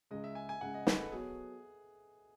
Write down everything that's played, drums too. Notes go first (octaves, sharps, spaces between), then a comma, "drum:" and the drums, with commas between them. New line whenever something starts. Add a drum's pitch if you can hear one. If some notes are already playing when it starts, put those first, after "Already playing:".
C#2 C#3 G#3 D#5
E5
G#5
G#5
C#2 C#3 G#3 F#5
D#5
B4, drum: snare
A4
F#3 B3 F#4 G#4 A4 C#5